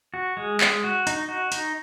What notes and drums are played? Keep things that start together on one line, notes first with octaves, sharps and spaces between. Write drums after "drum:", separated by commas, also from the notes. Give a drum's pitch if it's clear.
F#4
G#3
G#3, drum: clap
F#4
D#4, drum: hi-hat
F#4
D#4, drum: hi-hat